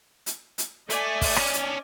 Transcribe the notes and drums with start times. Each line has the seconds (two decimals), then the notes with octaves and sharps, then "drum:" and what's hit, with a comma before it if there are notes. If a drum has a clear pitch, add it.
0.26 drum: hi-hat
0.58 drum: hi-hat
0.90 A3 D5 D#5 G#5, drum: hi-hat
1.21 drum: kick, open hi-hat
1.36 C#4 D4, drum: rim click
1.53 drum: hi-hat